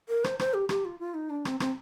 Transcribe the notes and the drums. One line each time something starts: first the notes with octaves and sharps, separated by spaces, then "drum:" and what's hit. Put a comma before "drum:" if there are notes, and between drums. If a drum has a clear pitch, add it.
A#4
C5, drum: rim click
C5, drum: rim click
G4
G4, drum: rim click
F4
F4
D#4
D4
C4, drum: rim click
C4, drum: rim click